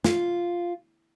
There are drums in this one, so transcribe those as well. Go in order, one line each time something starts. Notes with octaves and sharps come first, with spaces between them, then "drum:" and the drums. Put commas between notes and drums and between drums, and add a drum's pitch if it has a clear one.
F4, drum: snare